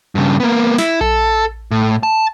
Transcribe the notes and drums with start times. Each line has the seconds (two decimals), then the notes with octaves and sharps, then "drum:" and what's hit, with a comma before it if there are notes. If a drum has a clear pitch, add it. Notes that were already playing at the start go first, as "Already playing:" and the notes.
0.15 G2 C#3
0.40 A#3 B3
0.78 E4, drum: snare
1.01 A4, drum: kick A#1
1.71 A2
2.03 A5